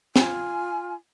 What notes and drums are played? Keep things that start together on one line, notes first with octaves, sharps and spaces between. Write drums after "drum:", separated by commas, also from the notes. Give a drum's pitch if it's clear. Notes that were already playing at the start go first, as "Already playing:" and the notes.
F4 G#5, drum: snare